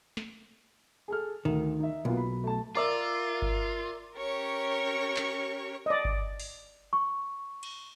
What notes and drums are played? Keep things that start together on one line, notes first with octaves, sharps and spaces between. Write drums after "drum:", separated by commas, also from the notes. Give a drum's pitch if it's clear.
drum: snare
G#4 A4 F6
D2 D#3
D#4 E5
B1 A#3 B3 F4
B5
A3 A5
F4 A#4 D5 E5
drum: kick G1
C#4 G4 A#4 C#5 C#6
drum: clap
D5 D#5
drum: kick G1
drum: open hi-hat
C#6
drum: cymbal